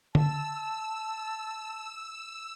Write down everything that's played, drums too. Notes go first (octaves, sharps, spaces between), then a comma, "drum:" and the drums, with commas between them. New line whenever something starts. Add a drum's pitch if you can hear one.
A5 E6, drum: tom D3